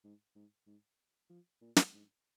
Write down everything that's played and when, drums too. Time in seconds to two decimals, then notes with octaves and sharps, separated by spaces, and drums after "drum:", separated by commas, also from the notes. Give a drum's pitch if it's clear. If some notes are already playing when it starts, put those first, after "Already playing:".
0.04 G#2
0.35 G#2
0.66 G#2
1.30 F3
1.61 A#2
1.76 drum: snare
1.93 G#2